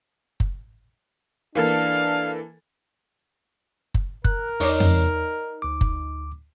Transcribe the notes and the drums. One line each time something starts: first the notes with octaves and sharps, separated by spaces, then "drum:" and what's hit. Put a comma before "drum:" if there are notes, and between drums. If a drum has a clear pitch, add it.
drum: kick F#1
E3 A#3 D4 A4 F5
drum: kick F#1
A#4 F#6, drum: kick F#1
E2 D#4 C#5 D5, drum: open hi-hat
drum: tom
D2 D6
drum: kick F#1